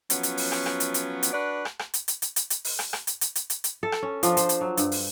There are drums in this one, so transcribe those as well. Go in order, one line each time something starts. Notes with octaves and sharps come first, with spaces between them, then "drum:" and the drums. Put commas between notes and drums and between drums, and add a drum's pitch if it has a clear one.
F3 F#3 B3 C#4, drum: hi-hat
drum: hi-hat
drum: open hi-hat
drum: rim click
drum: rim click
drum: hi-hat
drum: hi-hat
drum: hi-hat
D4 F#4 B4 D5
drum: rim click
drum: rim click
drum: hi-hat
drum: hi-hat
drum: hi-hat
drum: hi-hat
drum: hi-hat
drum: open hi-hat
drum: rim click
drum: rim click
drum: hi-hat
drum: hi-hat
drum: hi-hat
drum: hi-hat
drum: hi-hat
A4
drum: rim click
C#4
F3 D4, drum: hi-hat
C5, drum: hi-hat
drum: hi-hat
F#3
G2, drum: hi-hat
drum: open hi-hat